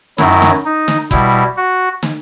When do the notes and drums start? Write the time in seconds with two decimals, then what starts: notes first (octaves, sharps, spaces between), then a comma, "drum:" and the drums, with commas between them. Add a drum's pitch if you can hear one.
0.18 F#2 D#3 F#3 E4, drum: snare
0.42 drum: snare
0.65 D#4
0.88 drum: snare
1.11 B2 G3 E4, drum: kick F#1
1.57 F#4
2.03 drum: snare